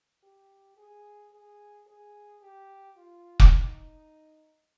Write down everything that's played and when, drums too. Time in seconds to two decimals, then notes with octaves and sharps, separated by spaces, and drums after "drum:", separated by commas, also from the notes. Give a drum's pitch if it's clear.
0.23 G4
0.77 G#4
1.32 G#4
1.87 G#4
2.41 G4
2.96 F4
3.40 drum: kick
3.51 D#4